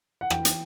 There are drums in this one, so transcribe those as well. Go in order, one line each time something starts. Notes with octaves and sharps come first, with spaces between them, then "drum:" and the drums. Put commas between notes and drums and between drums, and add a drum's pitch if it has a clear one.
F#5
E3 G5, drum: rim click
drum: hi-hat